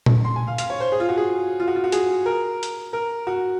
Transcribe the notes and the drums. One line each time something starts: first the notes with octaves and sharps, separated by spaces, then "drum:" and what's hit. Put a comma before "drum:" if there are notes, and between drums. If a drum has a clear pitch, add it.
drum: tom A#2
C6
G#5
F5
F5, drum: hi-hat
C#5
C5
G#4
F4
F#4
G#4
F4
F#4
F4
F#4
G#4, drum: hi-hat
A#4
drum: hi-hat
A#4
F#4